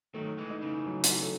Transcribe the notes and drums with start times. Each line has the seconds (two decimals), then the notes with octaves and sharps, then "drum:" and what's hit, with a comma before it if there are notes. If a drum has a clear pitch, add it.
0.14 D#3 F#3 A3
0.38 E3 G#3
0.50 D#4
0.62 C#3 E3
0.86 F#3
1.04 drum: hi-hat
1.22 A4